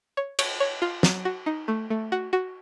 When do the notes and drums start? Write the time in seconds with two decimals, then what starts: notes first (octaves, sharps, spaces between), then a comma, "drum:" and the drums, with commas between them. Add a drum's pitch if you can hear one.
0.17 C#5
0.39 C#5, drum: cymbal
0.60 C#5
0.82 F4
1.03 F#3, drum: snare
1.25 F#4
1.46 D#4
1.68 A3
1.90 A3
2.12 F#4
2.33 F#4